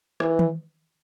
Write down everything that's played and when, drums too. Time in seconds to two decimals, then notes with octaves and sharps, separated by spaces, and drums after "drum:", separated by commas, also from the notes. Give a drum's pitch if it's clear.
0.20 E3, drum: rim click
0.39 drum: tom D#3